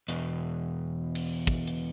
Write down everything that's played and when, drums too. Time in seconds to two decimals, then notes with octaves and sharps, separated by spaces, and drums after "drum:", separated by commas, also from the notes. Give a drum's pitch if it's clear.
0.08 E2 B2, drum: hi-hat
1.15 drum: cymbal
1.47 drum: kick
1.67 drum: hi-hat